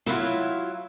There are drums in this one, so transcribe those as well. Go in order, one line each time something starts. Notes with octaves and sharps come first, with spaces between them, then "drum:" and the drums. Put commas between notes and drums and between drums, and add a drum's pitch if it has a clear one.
F#3 E4 F4, drum: snare